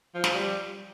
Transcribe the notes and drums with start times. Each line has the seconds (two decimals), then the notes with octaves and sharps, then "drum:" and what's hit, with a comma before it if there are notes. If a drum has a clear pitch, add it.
0.15 F3
0.24 drum: snare
0.35 G3